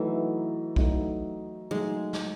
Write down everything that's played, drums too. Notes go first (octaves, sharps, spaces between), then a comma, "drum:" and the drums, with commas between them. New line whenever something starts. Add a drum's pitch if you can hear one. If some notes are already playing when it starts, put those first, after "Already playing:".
Already playing: E3 F#3 A3 D#4 A4
F#3 A3 D#4 A4, drum: kick
F#3 G#3 A3 D#4
drum: snare